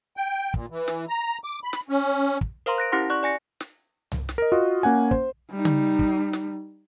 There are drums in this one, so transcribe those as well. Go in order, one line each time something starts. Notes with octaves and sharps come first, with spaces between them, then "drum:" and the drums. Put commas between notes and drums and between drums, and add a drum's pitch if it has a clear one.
G5
A#2, drum: kick
E3
drum: snare
A#5
D6
B5
drum: snare
C#4
drum: kick
A#4 C5 F5 A#5 C6
F#6 A#6 D7
C#4 E4 G4 F#5 C6
D5 C#6 F#6
D5 G#5 A#6 C#7
drum: snare
drum: tom C2
drum: snare
A#4 D#5
F4 F#4 D#5
A#3 C#4 F#5 G#5
C5, drum: kick
G3 D#4
drum: tom C#3
drum: kick
drum: snare